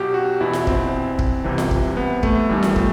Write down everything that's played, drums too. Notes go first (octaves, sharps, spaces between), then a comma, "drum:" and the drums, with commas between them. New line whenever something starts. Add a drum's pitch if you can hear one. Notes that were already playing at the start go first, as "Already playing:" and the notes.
Already playing: B1 B2 F#4 G4
F#4
E2 B2 E4
drum: snare F4
C4, drum: kick
drum: kick
C2 C3 E3
drum: snare F4
drum: kick
B3
A3, drum: kick
E2 D#3 G3
drum: snare F4
A3, drum: kick